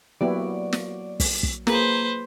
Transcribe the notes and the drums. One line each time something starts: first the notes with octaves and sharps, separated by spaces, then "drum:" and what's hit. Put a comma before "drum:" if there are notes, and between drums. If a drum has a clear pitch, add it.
F#3 A#3 B3 E4 F#4 G4 D5
drum: snare
drum: kick, open hi-hat
drum: kick
A#3 F4 G#4 B4 C5, drum: snare